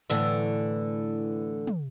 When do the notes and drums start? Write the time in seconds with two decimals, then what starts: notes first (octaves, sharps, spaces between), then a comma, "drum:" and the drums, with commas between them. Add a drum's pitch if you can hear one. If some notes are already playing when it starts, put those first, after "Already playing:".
0.10 A2 D3 E3
1.67 drum: tom